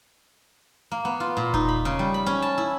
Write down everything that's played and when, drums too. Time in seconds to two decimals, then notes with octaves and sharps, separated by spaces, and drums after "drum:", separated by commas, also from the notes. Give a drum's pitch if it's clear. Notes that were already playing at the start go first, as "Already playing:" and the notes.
0.91 A#3
1.05 B3
1.20 F4
1.37 A#2
1.54 D#4, drum: kick E1
1.69 B5
1.85 C#3
1.99 G3
2.14 B5
2.26 C#4
2.42 A5
2.58 E4